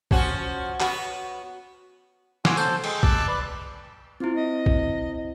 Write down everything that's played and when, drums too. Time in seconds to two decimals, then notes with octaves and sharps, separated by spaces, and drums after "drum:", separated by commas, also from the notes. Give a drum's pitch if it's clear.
0.11 F3 C#4 F#4, drum: kick A#1
0.80 B3 F#4, drum: clap
2.45 F#4 G#5 C6 D6 E6, drum: snare
2.57 A4 C5, drum: tambourine
2.84 G#3 G5, drum: cymbal
3.03 A5 D6 E6 F#6, drum: kick A#1
3.28 B4 D5
4.20 C4 E4 F4
4.36 D#5
4.66 drum: kick A#1